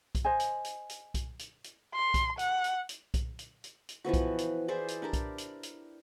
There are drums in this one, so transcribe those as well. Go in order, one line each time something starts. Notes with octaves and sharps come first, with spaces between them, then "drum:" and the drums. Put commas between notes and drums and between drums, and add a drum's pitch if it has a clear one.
drum: kick B1, hi-hat
C5 D#5 G#5
drum: hi-hat
drum: hi-hat
drum: hi-hat
drum: kick B1, hi-hat
drum: hi-hat
drum: hi-hat
C6
drum: kick B1, hi-hat
F#5, drum: hi-hat
drum: hi-hat
drum: hi-hat
drum: kick B1, hi-hat
drum: hi-hat
drum: hi-hat
drum: hi-hat
E3 F3 B3 F#4
drum: kick B1, hi-hat
drum: hi-hat
E4 G#4 C5 D5
drum: hi-hat
D4 G4 A#4 D5
drum: kick B1, hi-hat
drum: hi-hat
drum: hi-hat